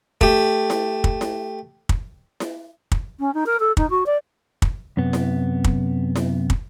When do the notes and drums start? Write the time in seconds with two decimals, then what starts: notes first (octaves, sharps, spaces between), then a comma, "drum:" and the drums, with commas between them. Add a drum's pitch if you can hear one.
0.21 A3 G4, drum: kick
0.70 drum: snare E4
1.04 drum: kick
1.21 drum: snare E4
1.89 drum: kick
2.40 drum: snare E4
2.92 drum: kick
3.19 C#4
3.34 D#4
3.46 A#4
3.59 A4
3.77 D#4, drum: kick
3.90 F#4
4.06 D5
4.62 drum: kick
4.97 F#2 C3 B3
5.13 drum: snare E4
5.64 drum: kick
6.16 drum: snare E4
6.50 drum: kick